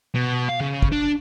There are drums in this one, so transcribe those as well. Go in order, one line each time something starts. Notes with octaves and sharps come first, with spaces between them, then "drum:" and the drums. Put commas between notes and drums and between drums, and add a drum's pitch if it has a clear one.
B2
F5
C#3
drum: kick
D4